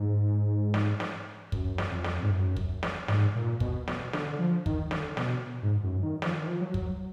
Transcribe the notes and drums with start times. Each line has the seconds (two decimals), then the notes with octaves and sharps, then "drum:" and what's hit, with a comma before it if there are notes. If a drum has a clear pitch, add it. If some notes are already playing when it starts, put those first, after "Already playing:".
Already playing: G#2
0.74 drum: snare
1.00 drum: snare
1.52 F#2, drum: kick
1.78 drum: snare
1.92 F2
2.04 drum: snare
2.23 G#2
2.31 F#2
2.57 drum: kick
2.83 drum: snare
3.08 G#2, drum: snare
3.35 A#2
3.60 B2, drum: kick
3.88 B2, drum: snare
4.13 D3, drum: snare
4.39 F3
4.66 D#3, drum: kick
4.91 D3, drum: snare
5.17 B2, drum: snare
5.63 G#2
5.83 F#2
6.02 D#3
6.22 F3, drum: snare
6.34 D#3
6.47 F3
6.61 F#3
6.74 drum: kick